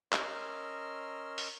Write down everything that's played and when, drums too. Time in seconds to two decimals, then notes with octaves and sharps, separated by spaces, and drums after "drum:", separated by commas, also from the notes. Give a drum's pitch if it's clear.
0.13 C#4 A#4 D#5 C6 E6 F6, drum: clap
1.38 drum: open hi-hat